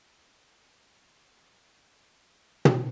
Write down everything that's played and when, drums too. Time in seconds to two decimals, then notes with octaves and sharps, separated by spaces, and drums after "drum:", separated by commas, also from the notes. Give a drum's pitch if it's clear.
0.22 D4 D#4 F4 A#4
2.03 A3 C#4 E4 G4 A#4
2.65 drum: tom